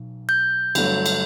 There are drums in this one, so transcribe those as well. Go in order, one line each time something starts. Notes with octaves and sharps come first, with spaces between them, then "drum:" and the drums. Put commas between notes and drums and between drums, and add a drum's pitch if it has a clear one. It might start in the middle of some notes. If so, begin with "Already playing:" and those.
Already playing: B1 B2
G6
G1 G2 F#3 A3, drum: cymbal
drum: cymbal